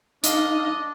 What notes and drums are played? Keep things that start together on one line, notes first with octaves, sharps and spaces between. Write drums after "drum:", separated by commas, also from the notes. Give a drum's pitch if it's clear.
D4 D#4 D#5 F5, drum: hi-hat